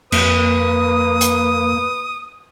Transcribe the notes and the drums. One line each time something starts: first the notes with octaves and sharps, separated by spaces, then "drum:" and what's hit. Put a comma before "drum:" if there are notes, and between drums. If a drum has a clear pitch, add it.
F2 A#3 B4 D#6, drum: cymbal
drum: hi-hat